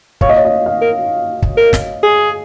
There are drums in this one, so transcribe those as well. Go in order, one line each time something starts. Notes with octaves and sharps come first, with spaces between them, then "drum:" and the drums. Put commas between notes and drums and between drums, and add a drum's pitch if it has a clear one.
C#5 F5, drum: kick
D#5
C#5
D#5
F5
A#4
drum: kick
A#4
drum: snare
G#4